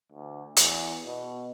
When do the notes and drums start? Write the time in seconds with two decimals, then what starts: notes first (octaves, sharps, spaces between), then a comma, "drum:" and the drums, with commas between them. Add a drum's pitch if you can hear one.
0.12 D2
0.56 E2, drum: hi-hat
1.06 B2